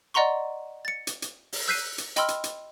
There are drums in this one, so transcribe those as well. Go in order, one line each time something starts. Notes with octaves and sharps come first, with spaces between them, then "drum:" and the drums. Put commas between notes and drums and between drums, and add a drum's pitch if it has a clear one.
D5 D#5 F#5 A#5 C6 C#6
A6 C#7
drum: hi-hat
drum: hi-hat
drum: open hi-hat
E6 F#6 G6 B6 C7 D#7
drum: hi-hat
D#5 G5 B5 C6 E6 F6, drum: hi-hat
drum: hi-hat
drum: hi-hat